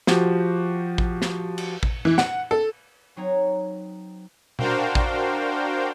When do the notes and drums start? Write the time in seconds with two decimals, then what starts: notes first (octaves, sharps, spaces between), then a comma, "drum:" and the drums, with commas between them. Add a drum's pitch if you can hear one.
0.07 F3 F#4 G4, drum: snare
0.98 drum: kick A1
1.22 drum: snare
1.58 drum: cymbal
1.83 drum: kick A1
2.05 E3
2.18 F#5, drum: snare
2.51 A4
3.16 F#3 C4 D#4 C#5 A#5 G#6
4.59 D4 F#4 A#4 C5 F5 G5, drum: tom B2
4.95 drum: kick A1